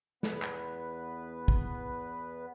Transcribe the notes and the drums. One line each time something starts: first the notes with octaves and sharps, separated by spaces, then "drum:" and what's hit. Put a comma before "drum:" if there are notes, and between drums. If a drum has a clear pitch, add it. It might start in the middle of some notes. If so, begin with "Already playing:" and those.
E2 B3 B4, drum: snare
drum: clap
drum: kick